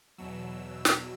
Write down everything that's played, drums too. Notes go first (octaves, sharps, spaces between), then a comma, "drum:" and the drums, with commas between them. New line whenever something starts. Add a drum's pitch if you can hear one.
E2 B2 F#3 E6
drum: snare